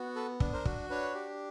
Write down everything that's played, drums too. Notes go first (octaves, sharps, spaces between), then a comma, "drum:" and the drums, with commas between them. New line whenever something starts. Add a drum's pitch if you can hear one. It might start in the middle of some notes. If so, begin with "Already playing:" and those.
Already playing: B3 F#4
A4 B4
D4, drum: kick
A#4 C5
F#4, drum: kick
D4 B4 C#5
G4